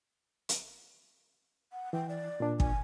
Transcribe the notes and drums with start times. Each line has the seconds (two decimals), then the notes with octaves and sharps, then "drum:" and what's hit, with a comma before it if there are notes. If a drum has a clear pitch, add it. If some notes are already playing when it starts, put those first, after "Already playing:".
0.49 drum: hi-hat
1.72 F#5
1.93 E3 G5
2.09 D5
2.40 A#2 D4
2.60 G#5, drum: kick